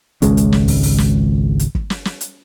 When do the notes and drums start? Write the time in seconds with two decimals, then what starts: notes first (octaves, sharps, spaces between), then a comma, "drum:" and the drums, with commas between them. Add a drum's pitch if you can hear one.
0.22 G#1 C#2 G#3 C#4, drum: hi-hat
0.37 drum: hi-hat
0.52 drum: snare
0.68 drum: kick, open hi-hat
0.83 drum: open hi-hat
0.98 drum: snare
1.59 drum: hi-hat
1.75 drum: kick
1.90 drum: snare
2.05 drum: snare
2.21 drum: hi-hat